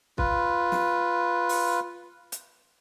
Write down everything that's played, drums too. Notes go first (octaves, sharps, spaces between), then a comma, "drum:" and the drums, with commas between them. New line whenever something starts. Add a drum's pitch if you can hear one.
F4 B4, drum: kick
drum: snare
drum: open hi-hat
drum: hi-hat